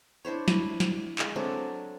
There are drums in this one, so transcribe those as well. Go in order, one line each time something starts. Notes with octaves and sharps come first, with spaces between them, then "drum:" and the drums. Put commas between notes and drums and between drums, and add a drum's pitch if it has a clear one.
D4 E4 C5 C#5
E4, drum: snare
drum: snare
G#3, drum: clap
F#3 A3 C4 D4